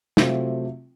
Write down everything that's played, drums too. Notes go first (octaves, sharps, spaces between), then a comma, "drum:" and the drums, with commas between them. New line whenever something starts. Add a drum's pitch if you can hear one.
C3 F#3 A3 C4 F4, drum: snare